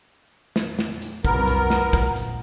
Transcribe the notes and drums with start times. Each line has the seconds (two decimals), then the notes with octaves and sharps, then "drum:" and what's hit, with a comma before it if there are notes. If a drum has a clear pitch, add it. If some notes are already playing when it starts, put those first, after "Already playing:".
0.56 drum: snare
0.79 drum: snare
1.02 drum: hi-hat
1.25 C2 F#2 B3 A#4, drum: kick, hi-hat
1.47 drum: hi-hat
1.70 drum: snare
1.81 A#2
1.93 drum: kick, hi-hat
2.16 drum: hi-hat